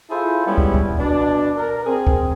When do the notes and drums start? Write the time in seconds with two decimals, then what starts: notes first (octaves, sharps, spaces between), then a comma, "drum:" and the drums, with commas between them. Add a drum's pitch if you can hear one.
0.10 E4 F4 G#4 A4 C5
0.46 G3 G#3 B3 C#4 E4
0.58 drum: kick
0.74 drum: kick
0.99 B2 D4
1.57 A#4
1.86 C4 G#4
2.07 drum: kick